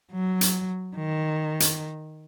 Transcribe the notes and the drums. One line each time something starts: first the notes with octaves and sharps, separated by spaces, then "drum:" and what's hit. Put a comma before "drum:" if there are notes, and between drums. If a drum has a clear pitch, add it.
F#3
drum: hi-hat
D#3
drum: hi-hat